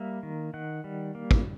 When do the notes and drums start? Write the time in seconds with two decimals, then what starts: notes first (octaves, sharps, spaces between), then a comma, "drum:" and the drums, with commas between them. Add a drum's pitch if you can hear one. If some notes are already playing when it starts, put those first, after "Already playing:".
Already playing: G3 A#3 E5
0.23 D#3
0.54 D#3 F#5
0.84 G3
1.15 A#3
1.31 drum: kick